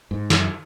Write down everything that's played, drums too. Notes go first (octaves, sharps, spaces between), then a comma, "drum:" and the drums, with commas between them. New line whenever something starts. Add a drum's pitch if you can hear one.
G#2
F#2, drum: snare